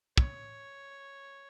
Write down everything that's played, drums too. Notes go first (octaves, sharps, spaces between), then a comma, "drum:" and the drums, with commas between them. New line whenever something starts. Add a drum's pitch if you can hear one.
C#5, drum: kick